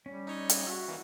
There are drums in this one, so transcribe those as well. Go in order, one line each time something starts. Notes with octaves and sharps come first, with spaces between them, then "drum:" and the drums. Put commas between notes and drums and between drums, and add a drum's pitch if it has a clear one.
G3 C#4
D#4 C#5 D#5
drum: hi-hat
F#4 E5 E6
E3 A#3